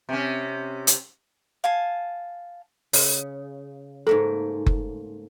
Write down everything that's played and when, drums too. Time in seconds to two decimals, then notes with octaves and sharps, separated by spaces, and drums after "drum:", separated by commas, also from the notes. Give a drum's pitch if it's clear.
0.09 C3 C#4
0.87 drum: hi-hat
1.64 F5 G#5 A5
2.93 C#3, drum: open hi-hat
4.07 G#2 A3 A#3 A4
4.66 drum: kick F#1